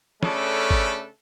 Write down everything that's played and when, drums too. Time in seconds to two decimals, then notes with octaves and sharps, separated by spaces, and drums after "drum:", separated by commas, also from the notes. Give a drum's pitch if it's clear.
0.23 C#3 A3 C#4 D4 A4 B4, drum: snare
0.71 drum: kick G#1